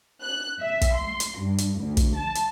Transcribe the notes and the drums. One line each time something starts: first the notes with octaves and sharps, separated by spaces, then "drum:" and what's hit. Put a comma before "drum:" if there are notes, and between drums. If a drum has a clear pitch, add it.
F#6
E5
drum: kick, hi-hat
C6
drum: hi-hat
G2
drum: hi-hat
D2
drum: kick, hi-hat
A5
drum: hi-hat